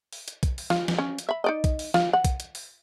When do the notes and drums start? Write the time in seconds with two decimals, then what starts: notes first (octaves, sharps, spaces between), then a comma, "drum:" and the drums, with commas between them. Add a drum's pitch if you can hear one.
0.13 drum: open hi-hat
0.28 drum: hi-hat
0.43 drum: kick B1, hi-hat
0.58 drum: open hi-hat
0.70 F4, drum: snare
0.88 drum: snare
0.98 C#4
1.19 drum: hi-hat
1.29 E5 B5
1.44 D#4 D5 D#5
1.64 drum: kick B1, hi-hat
1.79 drum: open hi-hat
1.94 F4, drum: snare
2.13 F#5
2.25 drum: kick B1, hi-hat
2.40 drum: hi-hat
2.55 drum: open hi-hat